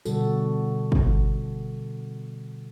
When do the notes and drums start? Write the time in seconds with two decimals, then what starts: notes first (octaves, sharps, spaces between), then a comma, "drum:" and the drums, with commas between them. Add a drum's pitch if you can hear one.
0.05 B2 D3 G3 F#4 A4, drum: tambourine
0.92 drum: kick